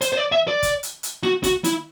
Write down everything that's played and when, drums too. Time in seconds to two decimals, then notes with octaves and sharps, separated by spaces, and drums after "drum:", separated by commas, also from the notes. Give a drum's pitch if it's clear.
0.01 C5, drum: hi-hat
0.13 C5
0.17 D5
0.32 E5
0.48 D5
0.63 drum: kick, hi-hat
0.83 drum: hi-hat
1.03 drum: hi-hat
1.23 F#4, drum: snare
1.44 F#4, drum: kick, hi-hat
1.64 E4, drum: hi-hat